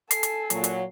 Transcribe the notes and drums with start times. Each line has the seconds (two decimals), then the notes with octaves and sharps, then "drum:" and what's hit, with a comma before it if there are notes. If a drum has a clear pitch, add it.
0.11 A4 G#5 C7, drum: hi-hat
0.23 drum: hi-hat
0.50 A#2 F#3, drum: hi-hat
0.64 drum: hi-hat